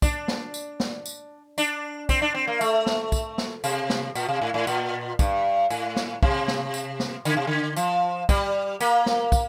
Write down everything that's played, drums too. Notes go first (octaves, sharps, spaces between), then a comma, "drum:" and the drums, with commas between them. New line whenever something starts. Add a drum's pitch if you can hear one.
D4, drum: kick, tambourine
drum: snare
drum: tambourine
drum: snare
drum: tambourine
D4, drum: tambourine
C4, drum: kick, tambourine
D4
C4
A#3
A3, drum: tambourine
drum: snare
drum: kick, tambourine
drum: snare
C3, drum: tambourine
drum: snare
A#2, drum: tambourine
C3
A2
A2
A#2, drum: tambourine
G2, drum: kick, tambourine
A2, drum: tambourine
drum: snare
C3, drum: kick
drum: snare
drum: tambourine
drum: snare
D3, drum: tambourine
C3
D3
F3, drum: tambourine
G3, drum: kick, tambourine
A#3, drum: tambourine
drum: snare
drum: kick, tambourine